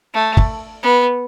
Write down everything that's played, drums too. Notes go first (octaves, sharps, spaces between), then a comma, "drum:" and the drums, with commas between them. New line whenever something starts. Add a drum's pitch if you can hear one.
A3
drum: kick
B3